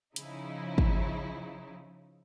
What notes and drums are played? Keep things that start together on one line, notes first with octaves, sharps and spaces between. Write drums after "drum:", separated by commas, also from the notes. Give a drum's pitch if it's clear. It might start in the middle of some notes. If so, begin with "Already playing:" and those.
C#3 F3 D#4 E4, drum: hi-hat
drum: kick